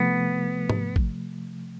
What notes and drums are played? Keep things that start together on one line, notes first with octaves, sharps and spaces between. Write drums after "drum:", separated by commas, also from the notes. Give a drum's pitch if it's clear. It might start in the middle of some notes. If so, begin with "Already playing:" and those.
Already playing: C3 F3 A3 B3
drum: tom G#2
drum: kick